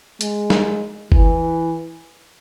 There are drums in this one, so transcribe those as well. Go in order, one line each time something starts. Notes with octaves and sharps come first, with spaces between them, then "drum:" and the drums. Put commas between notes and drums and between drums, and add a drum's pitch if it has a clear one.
G#3, drum: hi-hat
drum: snare
E3, drum: kick